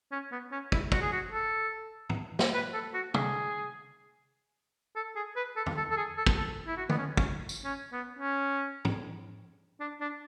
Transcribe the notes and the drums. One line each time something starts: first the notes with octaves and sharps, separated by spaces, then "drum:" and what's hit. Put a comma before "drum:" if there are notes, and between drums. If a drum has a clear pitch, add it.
C#4
B3
C#4
E4, drum: kick
F#4, drum: kick
G#4
F#4
A4
drum: tom
drum: snare
B4
A4
F#4
G#4, drum: tom
A4
G#4
B4
A4
drum: tom
A4
A4
G#4
A4
drum: kick
A4
E4
F#4
B3, drum: tom D3
C#4
C#4, drum: kick
drum: tambourine
C#4
B3
C#4
drum: tom
D4
D4